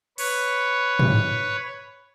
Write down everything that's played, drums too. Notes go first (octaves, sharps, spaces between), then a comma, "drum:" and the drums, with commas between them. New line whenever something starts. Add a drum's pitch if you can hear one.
B4 C#5, drum: open hi-hat
drum: tom